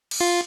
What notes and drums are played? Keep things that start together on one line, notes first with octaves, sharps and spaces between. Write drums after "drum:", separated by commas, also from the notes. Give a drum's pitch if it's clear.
drum: cymbal
F4